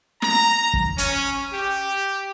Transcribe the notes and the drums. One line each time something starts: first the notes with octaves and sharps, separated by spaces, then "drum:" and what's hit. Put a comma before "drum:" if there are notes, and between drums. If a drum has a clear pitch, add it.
A#5, drum: snare
drum: kick
C#4, drum: hi-hat
G4